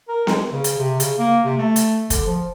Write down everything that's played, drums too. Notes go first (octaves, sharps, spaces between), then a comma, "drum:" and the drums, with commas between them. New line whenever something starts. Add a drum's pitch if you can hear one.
A#4
G#3, drum: snare B3
C#3
drum: hi-hat
C3
C#3, drum: hi-hat
A#3
C3
A3
drum: hi-hat
D3, drum: kick, hi-hat
F3